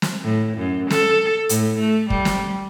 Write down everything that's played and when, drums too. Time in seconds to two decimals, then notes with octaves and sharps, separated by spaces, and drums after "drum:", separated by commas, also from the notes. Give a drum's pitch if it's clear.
0.02 drum: snare
0.24 A2
0.58 F#2
0.91 A4, drum: snare
1.49 A2, drum: hi-hat
1.79 A3
2.10 G3, drum: kick
2.25 drum: snare